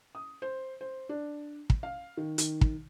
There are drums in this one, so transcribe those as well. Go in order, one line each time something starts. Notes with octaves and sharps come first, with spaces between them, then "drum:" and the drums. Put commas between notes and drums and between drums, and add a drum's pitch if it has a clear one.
D#6
C5
C5
D4
drum: kick
F5
D#3
D#3, drum: hi-hat
drum: kick